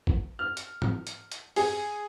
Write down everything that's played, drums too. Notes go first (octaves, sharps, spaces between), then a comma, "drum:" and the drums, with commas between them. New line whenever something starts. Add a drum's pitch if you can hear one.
drum: kick
F6
drum: hi-hat
drum: tom G#2
drum: hi-hat
drum: hi-hat
G#4 G#5, drum: open hi-hat